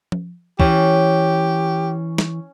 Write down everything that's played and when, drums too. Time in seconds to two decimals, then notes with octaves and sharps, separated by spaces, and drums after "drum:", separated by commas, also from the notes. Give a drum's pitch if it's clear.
0.12 drum: tom F3
0.60 E3 C#4 G4 G#5, drum: kick
2.18 drum: snare